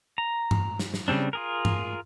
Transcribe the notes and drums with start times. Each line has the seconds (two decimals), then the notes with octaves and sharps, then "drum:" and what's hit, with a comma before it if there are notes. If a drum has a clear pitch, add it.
0.18 A#5
0.51 drum: tom G2
0.79 drum: snare
0.94 drum: snare
1.08 C#3 G3 C4 D4
1.33 F4 G#4 A#4
1.65 drum: tom G2